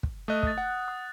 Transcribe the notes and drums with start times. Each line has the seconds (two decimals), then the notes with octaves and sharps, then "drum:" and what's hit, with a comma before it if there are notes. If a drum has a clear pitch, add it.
0.03 drum: kick
0.28 A3 D#5 D#6 F#6
0.43 D#6 A6, drum: kick
0.58 F#5
0.88 D#6